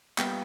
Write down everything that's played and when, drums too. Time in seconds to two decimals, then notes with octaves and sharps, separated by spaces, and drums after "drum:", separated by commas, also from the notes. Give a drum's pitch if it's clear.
0.18 A#2 G3 B3 F5 G5, drum: clap